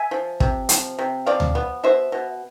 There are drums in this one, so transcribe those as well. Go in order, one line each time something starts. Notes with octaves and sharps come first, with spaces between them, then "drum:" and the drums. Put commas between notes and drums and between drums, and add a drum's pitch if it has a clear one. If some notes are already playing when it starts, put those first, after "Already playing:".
Already playing: E5 G#5
F3
C3, drum: kick
F3, drum: hi-hat
C3
F3 D5 F5
drum: tom D2
B3
B2 C5 E5
B2